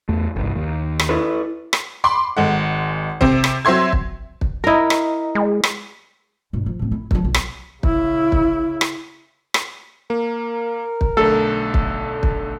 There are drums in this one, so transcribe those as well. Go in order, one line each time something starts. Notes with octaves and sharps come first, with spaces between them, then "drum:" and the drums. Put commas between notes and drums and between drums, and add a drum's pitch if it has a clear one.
E2 A3
G1 C2
D#2
drum: rim click
E4 A4 B4
drum: rim click
B5 C6 D6
G#1 G#3 F#5
C3 C4, drum: kick
drum: rim click
F#3 C4 E5 C6 G#6
drum: kick
drum: kick
E4 A#4 D#5 A#5
drum: rim click
G#3
drum: rim click
G2 B2
F3
A2 C4
E4
F3 F#3, drum: kick
B1
drum: rim click
C#3 E4, drum: kick
drum: kick
drum: rim click
drum: rim click
A#3 A#4
drum: kick
B1 D3 A3 A4
drum: kick
drum: kick